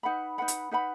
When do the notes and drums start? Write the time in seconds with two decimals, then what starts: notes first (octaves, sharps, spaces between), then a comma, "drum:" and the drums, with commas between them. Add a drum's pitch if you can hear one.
0.03 D#4 B4 F#5 B5
0.38 D#4 B4 F#5 B5
0.48 drum: hi-hat
0.71 D#4 B4 F#5 B5